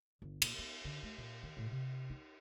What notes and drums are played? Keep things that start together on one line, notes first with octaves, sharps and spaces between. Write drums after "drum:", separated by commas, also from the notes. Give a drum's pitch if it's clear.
G1
A#2, drum: cymbal
B3
D3
A3
A#2
D#3
A2
C3
D#4